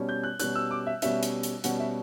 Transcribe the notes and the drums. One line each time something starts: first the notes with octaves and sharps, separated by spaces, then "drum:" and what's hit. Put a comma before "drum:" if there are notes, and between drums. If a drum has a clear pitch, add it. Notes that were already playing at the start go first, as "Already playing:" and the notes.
Already playing: B2 G3 C#4
G6
F#6
B2 G3 C#4 F#6, drum: hi-hat
E6
D6
E5
B2 G3 C#4 E5, drum: hi-hat
drum: hi-hat
drum: hi-hat
B2 G3 C#4 F#5, drum: hi-hat
E5